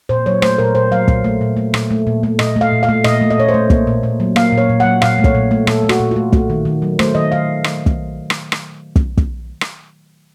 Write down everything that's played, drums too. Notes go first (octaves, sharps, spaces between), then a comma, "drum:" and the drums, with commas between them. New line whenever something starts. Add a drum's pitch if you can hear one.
A#2 C5
F#3 C#5
A3 C5, drum: rim click
A#2 A#4
A#2 C5
F#3 F5
A#2, drum: kick
A3
A#2
A3
A#2, drum: rim click
A3
A#2
A3
A#2 D#5, drum: rim click
A3 F5
A#2
F5
A3
A#2 D#5, drum: rim click
A3
D#5
A#2 C#5
C5
A3
A#3, drum: kick
A#2
A#2
F#3
A#3 F5, drum: rim click
A#2
C#5
A#2
F#5
F#3
A#2 F5, drum: rim click
A3
C#5, drum: kick
A#2
A3
A#2 A4, drum: rim click
A3
F#4, drum: rim click
A#2
F4
A3
A3 F#4, drum: kick
D#3
D#3
F#3
A3 C5, drum: rim click
D#3 D#5
D#3 F5
drum: rim click
drum: kick
drum: rim click
drum: rim click
drum: kick
drum: kick
drum: rim click